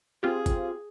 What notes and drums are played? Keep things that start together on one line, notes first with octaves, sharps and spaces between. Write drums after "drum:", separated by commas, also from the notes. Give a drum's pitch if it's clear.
C4 F4 G4 G#4
drum: kick, hi-hat